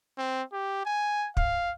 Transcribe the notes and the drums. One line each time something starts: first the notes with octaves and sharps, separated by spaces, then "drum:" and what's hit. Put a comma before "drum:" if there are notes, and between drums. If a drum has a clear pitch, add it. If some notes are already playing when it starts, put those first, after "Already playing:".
C4
G4
G#5
F5, drum: kick